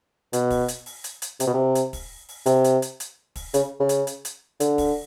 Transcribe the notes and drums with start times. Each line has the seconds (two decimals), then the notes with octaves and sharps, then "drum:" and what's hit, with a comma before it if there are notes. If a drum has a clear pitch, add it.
0.33 B2, drum: hi-hat
0.51 drum: kick, open hi-hat
0.68 drum: hi-hat
0.86 drum: open hi-hat
1.04 drum: hi-hat
1.22 drum: hi-hat
1.40 C3, drum: hi-hat
1.47 B2
1.54 C3
1.75 drum: hi-hat
1.93 drum: kick, open hi-hat
2.29 drum: open hi-hat
2.46 C3, drum: hi-hat
2.64 drum: hi-hat
2.82 drum: hi-hat
3.00 drum: hi-hat
3.36 drum: kick, open hi-hat
3.54 C#3, drum: hi-hat
3.80 C#3
3.89 drum: hi-hat
4.07 drum: hi-hat
4.25 drum: hi-hat
4.60 D3, drum: hi-hat
4.78 drum: kick, open hi-hat